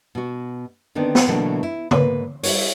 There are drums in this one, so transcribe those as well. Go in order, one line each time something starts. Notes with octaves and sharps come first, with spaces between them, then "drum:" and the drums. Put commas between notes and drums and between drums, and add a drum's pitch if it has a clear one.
B2 F#4
D3 D#3 B3 C4 D4
drum: snare
B2 D3 E3 F#3 A3 A#3
E4
G#2 A#3 B4, drum: tom C#3
G3 E4 C#5, drum: open hi-hat